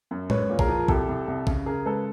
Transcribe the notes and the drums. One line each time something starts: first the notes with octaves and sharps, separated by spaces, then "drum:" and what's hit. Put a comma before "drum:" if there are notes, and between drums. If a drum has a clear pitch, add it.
F#2
G#3 B4 C#5, drum: tom A2
A#2
G#4 A#4, drum: kick
F3
C2 G4 A4, drum: kick
C2
C2
C#3, drum: kick
C#3 G#4 A#4
G#3 A4 B4